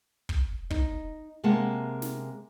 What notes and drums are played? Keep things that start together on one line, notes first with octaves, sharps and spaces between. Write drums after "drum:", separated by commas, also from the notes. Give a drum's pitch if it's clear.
drum: kick
D#4, drum: kick
C3 G#3 A#3 F#5 A5
drum: snare